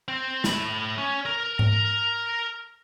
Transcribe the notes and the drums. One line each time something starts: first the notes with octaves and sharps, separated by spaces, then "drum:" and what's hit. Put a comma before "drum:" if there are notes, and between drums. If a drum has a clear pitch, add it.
C4
A3 B5, drum: snare
C#4
A#4
drum: tom G#2